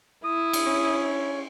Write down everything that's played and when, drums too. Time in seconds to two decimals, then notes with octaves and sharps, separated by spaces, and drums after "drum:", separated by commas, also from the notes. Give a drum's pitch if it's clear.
0.25 E4 D#6
0.53 drum: cymbal
0.66 C#4